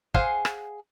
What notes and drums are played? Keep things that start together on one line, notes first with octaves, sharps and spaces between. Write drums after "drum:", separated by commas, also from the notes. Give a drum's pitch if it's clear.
G#4 C5 F5 F#5 G#5, drum: kick
drum: rim click